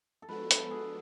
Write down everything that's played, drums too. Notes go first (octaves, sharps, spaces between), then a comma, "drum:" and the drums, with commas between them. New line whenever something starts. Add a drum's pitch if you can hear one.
A4
F3 G#3 B3 D4 F#4 B4
B4, drum: hi-hat
A4
G#4